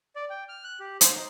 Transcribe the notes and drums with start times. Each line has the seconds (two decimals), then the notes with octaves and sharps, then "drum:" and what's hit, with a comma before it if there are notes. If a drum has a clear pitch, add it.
0.16 D5
0.30 G5
0.49 F6
0.64 F#6
0.80 G4
1.01 C5, drum: hi-hat
1.16 D#4